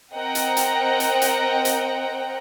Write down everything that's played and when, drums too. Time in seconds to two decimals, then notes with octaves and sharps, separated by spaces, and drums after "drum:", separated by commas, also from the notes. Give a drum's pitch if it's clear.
0.13 C4 A#4 D#5 F#5 G5 A#5
0.35 drum: hi-hat
0.57 drum: hi-hat
1.00 drum: hi-hat
1.22 drum: hi-hat
1.65 drum: hi-hat